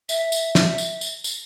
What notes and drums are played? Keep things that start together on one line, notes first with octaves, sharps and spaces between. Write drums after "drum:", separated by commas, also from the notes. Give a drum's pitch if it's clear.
E5, drum: tambourine
drum: tambourine
drum: snare
drum: tambourine
drum: tambourine
drum: tambourine